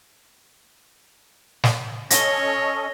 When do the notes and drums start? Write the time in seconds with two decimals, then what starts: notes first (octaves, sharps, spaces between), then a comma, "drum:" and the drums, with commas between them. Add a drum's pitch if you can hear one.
1.64 drum: snare
2.11 C#4 A4 C#5 D#5 A#6 G7, drum: hi-hat